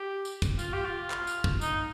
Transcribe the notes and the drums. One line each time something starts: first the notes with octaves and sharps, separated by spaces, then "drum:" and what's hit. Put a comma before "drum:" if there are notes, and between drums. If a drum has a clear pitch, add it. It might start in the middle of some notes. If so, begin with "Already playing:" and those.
Already playing: G4
drum: tambourine
drum: kick, tambourine
F4, drum: tambourine
G4
F4
drum: clap
drum: tambourine
drum: kick
D#4, drum: tambourine